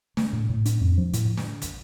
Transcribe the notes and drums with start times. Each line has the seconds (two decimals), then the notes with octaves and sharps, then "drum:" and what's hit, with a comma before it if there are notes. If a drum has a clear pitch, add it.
0.17 A3, drum: snare
0.33 A2
0.50 A2
0.65 D4, drum: hi-hat
0.81 F2
0.98 F3
1.13 A2, drum: hi-hat
1.37 drum: snare
1.62 drum: kick, hi-hat